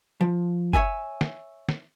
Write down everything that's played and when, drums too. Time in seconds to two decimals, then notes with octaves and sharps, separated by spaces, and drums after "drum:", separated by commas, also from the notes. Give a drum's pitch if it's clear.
0.21 F3
0.73 C#5 D#5 E5 G#5, drum: kick F#1
1.21 drum: snare
1.69 drum: snare